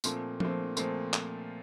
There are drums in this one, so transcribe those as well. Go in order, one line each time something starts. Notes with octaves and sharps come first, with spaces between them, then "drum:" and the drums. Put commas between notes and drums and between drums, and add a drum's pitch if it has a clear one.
A#2 F3 A3 C4, drum: tambourine
A#2 F3 A3 C4, drum: tom F3
A#2 F3 A3 C4, drum: tambourine
drum: clap